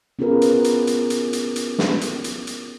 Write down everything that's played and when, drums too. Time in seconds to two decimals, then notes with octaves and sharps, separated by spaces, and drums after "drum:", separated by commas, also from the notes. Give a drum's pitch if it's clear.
0.19 B3 C#4 F4 G#4 A#4 B4
0.42 drum: hi-hat
0.64 drum: hi-hat
0.87 drum: hi-hat
1.10 drum: hi-hat
1.33 drum: hi-hat
1.56 drum: hi-hat
1.79 drum: snare
2.01 drum: hi-hat
2.24 drum: hi-hat
2.47 drum: hi-hat